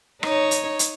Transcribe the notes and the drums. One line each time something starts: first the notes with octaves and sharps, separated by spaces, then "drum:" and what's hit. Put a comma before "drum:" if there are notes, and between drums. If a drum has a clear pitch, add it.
D#4 C#5, drum: rim click
drum: hi-hat
drum: hi-hat